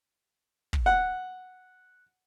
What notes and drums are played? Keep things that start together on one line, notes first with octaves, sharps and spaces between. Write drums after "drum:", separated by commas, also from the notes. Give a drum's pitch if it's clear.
drum: kick
F#5